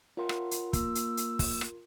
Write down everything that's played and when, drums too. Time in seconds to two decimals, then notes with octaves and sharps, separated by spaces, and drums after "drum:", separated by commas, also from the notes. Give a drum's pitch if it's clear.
0.17 F4 A#4 C#5 F5 F#5 C6
0.29 drum: rim click
0.51 drum: hi-hat
0.73 A#3 E6, drum: kick, hi-hat
0.95 drum: hi-hat
1.17 drum: hi-hat
1.39 drum: kick, open hi-hat
1.61 drum: rim click